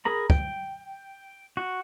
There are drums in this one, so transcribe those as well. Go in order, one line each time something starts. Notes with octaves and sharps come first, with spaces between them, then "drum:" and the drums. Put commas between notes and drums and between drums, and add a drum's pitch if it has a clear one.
G#4 A#4 A#5 B5
G5, drum: kick
F#4